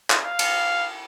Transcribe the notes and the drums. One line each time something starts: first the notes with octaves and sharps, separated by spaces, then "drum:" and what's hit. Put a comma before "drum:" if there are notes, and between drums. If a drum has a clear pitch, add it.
drum: clap
F5
drum: cymbal